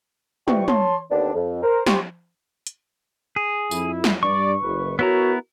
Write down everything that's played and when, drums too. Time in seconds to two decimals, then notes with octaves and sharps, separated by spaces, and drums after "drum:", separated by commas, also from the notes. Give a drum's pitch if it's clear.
0.48 C3 E3 G3 F4 G5 C#6, drum: tom
0.68 C#5 A5 C6, drum: tom
1.10 D#2 D3 B3 C4 D4
1.35 F2
1.63 A#4 C5
1.86 G4 C5 C#6, drum: snare
2.67 drum: hi-hat
3.36 G#4
3.71 F2 E4, drum: tambourine
4.04 drum: snare
4.23 G2 D5 C#6
4.62 F#1 B4
4.99 B3 E4 F#4 A#4 C#5 A#5